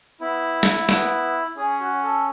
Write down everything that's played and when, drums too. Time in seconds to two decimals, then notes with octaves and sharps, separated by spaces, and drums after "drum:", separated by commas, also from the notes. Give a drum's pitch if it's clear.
0.21 B3 E4
0.63 drum: snare
0.89 B3, drum: snare
1.57 C#4 G#4
1.80 F#4
2.03 A4